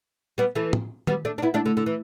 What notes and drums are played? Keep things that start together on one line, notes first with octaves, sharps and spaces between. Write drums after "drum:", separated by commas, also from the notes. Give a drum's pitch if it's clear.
G3 B3
E3 A3
drum: tom
G3 B3, drum: tom D#3
A3 D4
D4
B3 E4
A3 D4
D3
D3
E3